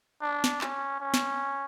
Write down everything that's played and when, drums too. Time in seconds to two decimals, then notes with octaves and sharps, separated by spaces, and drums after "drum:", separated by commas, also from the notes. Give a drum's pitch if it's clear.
0.22 D4
0.44 drum: snare
0.61 C#4, drum: clap
1.00 C#4
1.14 drum: snare